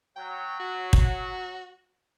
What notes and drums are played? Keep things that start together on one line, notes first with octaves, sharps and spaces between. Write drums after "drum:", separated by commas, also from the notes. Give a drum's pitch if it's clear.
F#3 G5
F#4
drum: kick